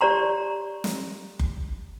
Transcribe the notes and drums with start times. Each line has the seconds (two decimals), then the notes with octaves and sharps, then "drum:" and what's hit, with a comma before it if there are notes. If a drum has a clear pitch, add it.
0.01 G4 C#5 D5 A#5 C6
0.84 drum: snare
1.39 drum: kick F#1